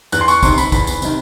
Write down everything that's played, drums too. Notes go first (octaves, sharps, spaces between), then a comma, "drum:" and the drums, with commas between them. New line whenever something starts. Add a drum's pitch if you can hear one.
E2 F#6, drum: tambourine
C6
C#6, drum: tambourine
C3 D#3 C6, drum: kick, tambourine
B5, drum: tambourine
E2 B5, drum: kick, tambourine
drum: tambourine
C3 D#3, drum: tambourine